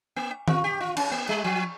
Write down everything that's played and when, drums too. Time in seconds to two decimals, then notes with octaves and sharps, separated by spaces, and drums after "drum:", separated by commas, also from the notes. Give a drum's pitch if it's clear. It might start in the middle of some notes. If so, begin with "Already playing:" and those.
0.16 A#3
0.48 F4, drum: tom D#3
0.64 G4
0.80 F4
0.97 C#4, drum: cymbal
1.12 A#3
1.29 G3
1.44 F3